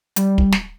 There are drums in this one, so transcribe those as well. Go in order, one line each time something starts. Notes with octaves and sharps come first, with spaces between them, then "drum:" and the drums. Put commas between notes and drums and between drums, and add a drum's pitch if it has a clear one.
G3, drum: hi-hat
drum: kick
drum: snare